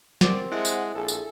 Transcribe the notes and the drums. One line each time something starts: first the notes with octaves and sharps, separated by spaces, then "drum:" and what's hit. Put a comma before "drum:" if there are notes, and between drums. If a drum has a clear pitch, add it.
C4 G4 A#4 D5 F#5, drum: snare
G#3 E4 E5 F#5
drum: tambourine
A#1 G#4 A4
drum: tambourine